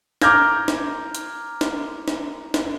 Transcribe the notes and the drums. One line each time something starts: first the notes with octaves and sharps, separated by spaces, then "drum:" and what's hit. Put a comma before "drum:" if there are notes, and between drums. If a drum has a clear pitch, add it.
A#5 D6 F6 G6 G#6 A#6, drum: snare
drum: snare
drum: hi-hat
drum: snare
drum: snare
drum: snare